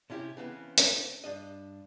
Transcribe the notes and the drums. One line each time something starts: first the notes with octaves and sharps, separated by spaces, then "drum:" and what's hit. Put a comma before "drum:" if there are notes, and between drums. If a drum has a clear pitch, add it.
C3 C#4 E4 F#4 G4
C#3 E3 B3 C4
drum: hi-hat
G2 D4 D#5